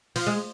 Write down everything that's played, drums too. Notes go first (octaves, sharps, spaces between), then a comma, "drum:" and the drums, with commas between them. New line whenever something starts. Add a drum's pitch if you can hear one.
F3, drum: open hi-hat
G#3